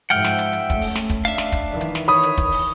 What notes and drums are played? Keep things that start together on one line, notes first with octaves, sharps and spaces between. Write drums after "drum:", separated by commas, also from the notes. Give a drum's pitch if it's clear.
G#2 F3 E5 F#5 G5 F6, drum: hi-hat
drum: snare
drum: hi-hat
drum: hi-hat
A3 C#4, drum: kick, hi-hat
drum: open hi-hat
drum: snare
drum: kick, hi-hat
D4 E5 F5, drum: hi-hat
drum: snare
drum: kick, hi-hat
D#3 E3
drum: hi-hat
drum: snare
C#5 B5 D#6, drum: hi-hat
drum: hi-hat
drum: kick, hi-hat
drum: open hi-hat